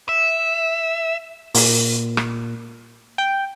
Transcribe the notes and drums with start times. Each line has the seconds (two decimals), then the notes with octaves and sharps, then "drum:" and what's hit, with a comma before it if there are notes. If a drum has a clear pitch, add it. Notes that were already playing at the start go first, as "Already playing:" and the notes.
0.09 E5
1.54 A#2, drum: open hi-hat
2.17 drum: rim click
3.18 G5